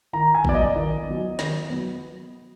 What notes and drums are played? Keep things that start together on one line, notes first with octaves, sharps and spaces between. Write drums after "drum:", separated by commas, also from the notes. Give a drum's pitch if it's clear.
D#3 A#5
G#5
F#3 B3 D5, drum: kick A1
D#5
D#3
F#3 B3
D#3, drum: snare
F#3 B3